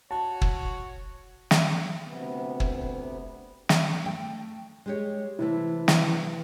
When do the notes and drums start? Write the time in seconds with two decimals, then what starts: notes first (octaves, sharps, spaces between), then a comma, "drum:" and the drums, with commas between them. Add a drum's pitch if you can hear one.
0.11 F#4 C#5 A5
0.41 drum: kick
1.51 drum: snare
2.05 D2 C3 B3
2.60 drum: kick
3.69 drum: snare
4.06 A3 G5
4.86 G#3 G4 C#5
5.39 C3 E3 A3 E4
5.88 drum: snare